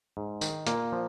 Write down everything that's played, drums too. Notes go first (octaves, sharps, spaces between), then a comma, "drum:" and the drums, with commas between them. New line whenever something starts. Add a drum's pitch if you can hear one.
G#2
D#3, drum: tambourine
A#2 A#3, drum: hi-hat
F3